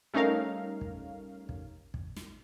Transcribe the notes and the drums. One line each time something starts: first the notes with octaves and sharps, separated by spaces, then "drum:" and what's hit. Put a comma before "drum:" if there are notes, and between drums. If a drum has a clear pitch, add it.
G3 A3 C#4 D#4 A#4 F5
drum: kick
drum: kick
drum: kick
drum: snare